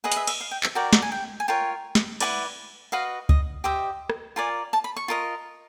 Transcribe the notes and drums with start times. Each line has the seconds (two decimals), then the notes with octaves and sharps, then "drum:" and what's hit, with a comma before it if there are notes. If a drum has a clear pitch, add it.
0.04 G#4 B4 D#5 F#5
0.12 F5, drum: hi-hat
0.16 E5
0.27 E5, drum: cymbal
0.41 F5
0.51 G5
0.63 E5, drum: clap
0.75 F#4 A#4 D5 G5
0.93 drum: snare
1.02 G#5
1.12 G5
1.40 G#5
1.48 F4 A#4 C#5 G5
1.95 drum: snare
2.20 E4 G4 B4 D5 F#5, drum: cymbal
2.92 F#4 B4 D#5 F5
3.29 D#5, drum: kick C#2
3.64 G4 C5 D#5 E5
4.10 drum: rim click
4.36 F4 A#4 D5 G#5
4.73 A5
4.84 B5
4.96 C#6
5.08 F4 A#4 D#5